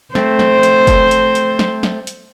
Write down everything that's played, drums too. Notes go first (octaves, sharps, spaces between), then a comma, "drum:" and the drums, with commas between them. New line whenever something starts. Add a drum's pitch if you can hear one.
A3 C4 C5, drum: snare
drum: snare
drum: hi-hat
drum: kick F#1, hi-hat
drum: hi-hat
drum: hi-hat
drum: snare
drum: snare
drum: hi-hat